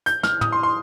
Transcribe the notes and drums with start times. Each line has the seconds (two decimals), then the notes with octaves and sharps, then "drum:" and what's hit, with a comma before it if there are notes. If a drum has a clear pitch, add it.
0.06 G6, drum: hi-hat
0.23 F6, drum: snare
0.41 D#6, drum: tom
0.52 C6
0.63 C6